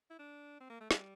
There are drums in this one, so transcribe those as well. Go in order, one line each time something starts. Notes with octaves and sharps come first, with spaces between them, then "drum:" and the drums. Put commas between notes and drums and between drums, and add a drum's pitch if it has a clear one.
E4
D4
C4
A#3
A3
G3, drum: snare